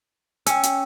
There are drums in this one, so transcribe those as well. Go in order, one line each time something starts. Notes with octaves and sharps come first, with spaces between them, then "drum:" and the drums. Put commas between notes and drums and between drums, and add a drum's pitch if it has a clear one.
C#4 G5 E6, drum: hi-hat
drum: hi-hat